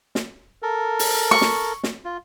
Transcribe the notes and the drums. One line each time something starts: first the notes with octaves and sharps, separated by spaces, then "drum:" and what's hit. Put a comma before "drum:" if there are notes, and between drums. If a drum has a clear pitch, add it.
drum: snare
A4 A#4
drum: open hi-hat
C#6
drum: snare
drum: snare
F4